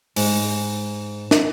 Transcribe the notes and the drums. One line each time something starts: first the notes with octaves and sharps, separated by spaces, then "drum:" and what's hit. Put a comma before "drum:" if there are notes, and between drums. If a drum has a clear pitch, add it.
G#2, drum: open hi-hat
drum: snare